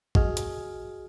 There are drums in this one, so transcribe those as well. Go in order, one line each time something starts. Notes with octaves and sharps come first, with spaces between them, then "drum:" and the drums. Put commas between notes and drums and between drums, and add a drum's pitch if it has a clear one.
F#4 G#4 D#5 G#5 F6, drum: kick
drum: hi-hat